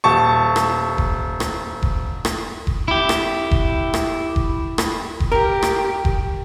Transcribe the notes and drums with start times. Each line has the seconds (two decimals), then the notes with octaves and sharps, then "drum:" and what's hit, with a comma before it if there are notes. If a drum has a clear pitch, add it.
0.04 D#1 A5 C#6
0.56 drum: rim click
0.98 drum: kick F1
1.40 drum: rim click
1.82 drum: kick F1
2.25 drum: rim click
2.67 drum: kick F1
2.88 E4 G4
3.09 drum: rim click
3.51 drum: kick F1
3.94 drum: rim click
4.36 drum: kick F1
4.78 drum: rim click
5.20 drum: kick F1
5.32 G4 A#4
5.63 drum: rim click
6.05 drum: kick F1